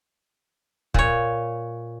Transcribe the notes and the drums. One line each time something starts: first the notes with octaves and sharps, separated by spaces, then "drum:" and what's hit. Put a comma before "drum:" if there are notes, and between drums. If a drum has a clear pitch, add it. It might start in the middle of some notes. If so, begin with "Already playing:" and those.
A#2 C#5, drum: kick